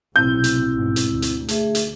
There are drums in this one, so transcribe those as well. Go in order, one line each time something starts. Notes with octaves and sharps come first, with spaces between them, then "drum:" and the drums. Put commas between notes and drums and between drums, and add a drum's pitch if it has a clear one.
B1 A2 C3 C4 E4 E6 G6
drum: hi-hat
A1 G#2 B2
drum: hi-hat
D2
drum: hi-hat
A3 G#4 E5, drum: hi-hat
drum: hi-hat